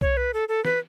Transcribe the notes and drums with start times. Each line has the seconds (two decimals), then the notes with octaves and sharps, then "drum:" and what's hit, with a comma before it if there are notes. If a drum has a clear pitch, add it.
0.01 C#5, drum: kick B1
0.17 B4
0.34 A4
0.49 A4
0.65 B4, drum: snare